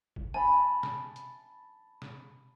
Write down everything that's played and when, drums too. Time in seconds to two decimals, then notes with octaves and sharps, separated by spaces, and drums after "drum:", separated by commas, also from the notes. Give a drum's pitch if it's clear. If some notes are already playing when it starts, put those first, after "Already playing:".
0.16 drum: kick
0.34 G#5 A5 B5
0.83 drum: snare B2
1.16 drum: hi-hat
2.02 drum: snare B2